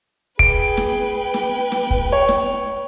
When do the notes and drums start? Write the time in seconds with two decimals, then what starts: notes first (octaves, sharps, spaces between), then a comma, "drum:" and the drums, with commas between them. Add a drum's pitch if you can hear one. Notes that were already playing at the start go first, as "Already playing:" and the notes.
0.39 G#4 B4 G5 D7, drum: kick
0.77 drum: snare
1.34 drum: snare
1.72 drum: snare
1.90 drum: kick
2.12 C#5
2.28 drum: snare